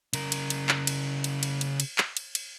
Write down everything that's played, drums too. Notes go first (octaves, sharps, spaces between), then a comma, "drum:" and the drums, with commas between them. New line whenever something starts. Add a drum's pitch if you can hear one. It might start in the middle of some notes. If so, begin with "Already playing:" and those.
C#3 A#4, drum: cymbal
drum: cymbal
drum: cymbal
drum: clap
drum: cymbal
drum: cymbal
drum: cymbal
drum: cymbal
drum: cymbal
drum: clap
drum: cymbal
drum: cymbal